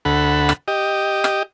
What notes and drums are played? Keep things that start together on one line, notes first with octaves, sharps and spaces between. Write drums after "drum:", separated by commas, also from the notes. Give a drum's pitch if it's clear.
D2 A4 F#5 B5
drum: rim click
G4 D#5
drum: rim click